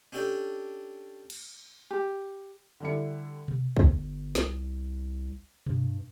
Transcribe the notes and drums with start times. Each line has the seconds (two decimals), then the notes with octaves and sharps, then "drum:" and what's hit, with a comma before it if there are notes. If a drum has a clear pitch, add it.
0.12 C#4 D4 G4 A4 D5
1.30 drum: cymbal
1.91 G4
2.80 D3 G3 D4 E4 C#7
3.48 drum: tom B2
3.77 G1, drum: kick
4.35 C2, drum: snare
5.66 G2, drum: tom B2